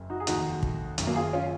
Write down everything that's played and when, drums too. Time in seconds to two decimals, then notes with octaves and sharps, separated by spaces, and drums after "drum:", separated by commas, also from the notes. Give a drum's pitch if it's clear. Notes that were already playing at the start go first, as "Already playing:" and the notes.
Already playing: F#1 F#2
0.10 D#4 F#4
0.20 G#4
0.27 F1 D#2 D#3 D#4 F#4, drum: hi-hat
0.63 drum: kick
0.98 F#1 F#2 D#3, drum: hi-hat
1.07 F#3 A#3
1.15 F4 G#4
1.33 C#4 F4